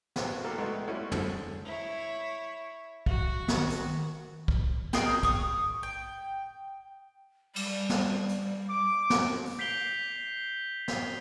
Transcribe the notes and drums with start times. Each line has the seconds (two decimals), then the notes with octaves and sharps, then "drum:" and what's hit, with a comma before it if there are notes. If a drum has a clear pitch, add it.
0.16 C#3 B3 C4, drum: snare
0.44 A#3 F#4 G4 A4
0.58 C2 G#2 G#3 A3 B3
0.87 G3 A3 C#4 E4 F#4
1.12 G#4 A4 C5, drum: tom
1.65 E4 C#5
3.06 F#4, drum: kick B1
3.48 D#3, drum: snare
3.70 drum: hi-hat
4.48 drum: kick B1
4.93 G#4 A#4 G5, drum: snare
5.23 C#6 D#6, drum: kick B1
5.83 G5
7.56 G3, drum: cymbal
7.89 drum: snare
8.29 drum: hi-hat
8.69 D6
9.10 drum: snare
9.45 drum: open hi-hat
9.59 G6 B6 C7 D7 F7 G7
10.88 drum: snare